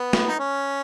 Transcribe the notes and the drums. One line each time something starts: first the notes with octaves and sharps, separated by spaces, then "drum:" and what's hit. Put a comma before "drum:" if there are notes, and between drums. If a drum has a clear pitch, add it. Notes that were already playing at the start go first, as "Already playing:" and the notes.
Already playing: B3
drum: snare
D#4
C#4